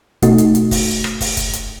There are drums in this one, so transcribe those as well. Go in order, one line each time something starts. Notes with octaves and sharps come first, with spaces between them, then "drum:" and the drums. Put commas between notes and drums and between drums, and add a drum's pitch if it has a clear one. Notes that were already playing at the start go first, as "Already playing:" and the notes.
B2 A3 D#4 F#4, drum: kick, hi-hat
drum: hi-hat
drum: hi-hat
drum: kick, open hi-hat
drum: rim click
drum: kick, open hi-hat
drum: kick, hi-hat
drum: hi-hat